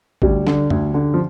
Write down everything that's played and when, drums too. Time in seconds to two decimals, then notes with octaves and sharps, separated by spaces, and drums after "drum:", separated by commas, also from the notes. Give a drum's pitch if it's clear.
0.22 D2 G3, drum: kick
0.47 D3, drum: snare
0.70 D2, drum: tom F2
0.94 D3
1.14 F3